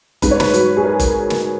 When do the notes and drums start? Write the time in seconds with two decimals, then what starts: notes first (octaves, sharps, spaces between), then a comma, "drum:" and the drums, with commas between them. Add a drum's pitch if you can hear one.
0.22 G#2 B4, drum: kick F#1, hi-hat
0.31 C#5
0.40 B4, drum: snare
0.54 F#3, drum: hi-hat
0.77 G#4
0.84 A#4
1.00 drum: kick F#1, hi-hat
1.30 drum: snare